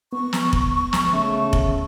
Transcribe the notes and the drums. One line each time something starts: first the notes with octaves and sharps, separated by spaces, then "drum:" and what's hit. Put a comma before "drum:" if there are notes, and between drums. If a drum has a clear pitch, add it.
B3 C#6
drum: snare
drum: kick F1
drum: snare
C#3 A3
drum: kick F1